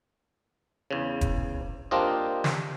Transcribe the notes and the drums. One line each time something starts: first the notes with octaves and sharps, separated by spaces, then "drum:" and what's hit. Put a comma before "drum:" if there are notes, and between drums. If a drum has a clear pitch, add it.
E2 C#3
drum: kick, hi-hat
A#3 D4 F4 G4 C5 D#5
drum: snare